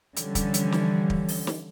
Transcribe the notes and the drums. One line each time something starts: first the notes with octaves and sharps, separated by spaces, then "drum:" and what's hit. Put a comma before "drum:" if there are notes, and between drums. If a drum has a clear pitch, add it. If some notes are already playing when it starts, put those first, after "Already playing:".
D3 E3 F3 G3 C#4, drum: hi-hat
drum: kick, hi-hat
drum: hi-hat
drum: snare
drum: kick
drum: open hi-hat
drum: snare